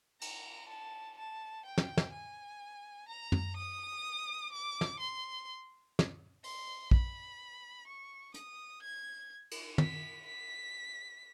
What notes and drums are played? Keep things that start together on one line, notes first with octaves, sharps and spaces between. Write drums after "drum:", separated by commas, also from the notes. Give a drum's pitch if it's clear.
A#5, drum: cymbal
A5
A5
G5
drum: snare
drum: snare
G#5
A#5
drum: tom
D#6
D6
drum: snare
C6
drum: snare
C6, drum: open hi-hat
B5, drum: kick
C#6
D#6, drum: hi-hat
G#6
drum: cymbal
B6, drum: tom
B6